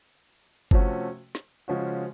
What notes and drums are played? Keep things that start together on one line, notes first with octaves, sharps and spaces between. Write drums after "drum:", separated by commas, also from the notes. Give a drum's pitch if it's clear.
C3 F3 A3 C#4 F#4, drum: kick G1
drum: snare
C#3 F3 G#3 C#4 F#4